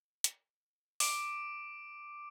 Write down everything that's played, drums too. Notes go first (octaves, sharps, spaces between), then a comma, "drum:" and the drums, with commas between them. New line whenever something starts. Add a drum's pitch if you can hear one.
drum: hi-hat
D6 D7, drum: open hi-hat